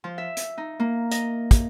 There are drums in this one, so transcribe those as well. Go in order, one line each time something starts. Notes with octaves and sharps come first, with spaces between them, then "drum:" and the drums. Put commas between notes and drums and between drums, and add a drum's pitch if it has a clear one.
F3
E5
drum: hi-hat
D#4
A#3
D#5, drum: hi-hat
drum: kick, hi-hat